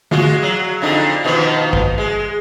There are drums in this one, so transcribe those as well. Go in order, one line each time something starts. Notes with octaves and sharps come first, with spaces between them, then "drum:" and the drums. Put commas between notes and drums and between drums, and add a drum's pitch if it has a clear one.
G#3 F4 F#4, drum: tom D3
F#3
F2 D3 D#4
B2 D#3 F3
drum: kick G#1
G#3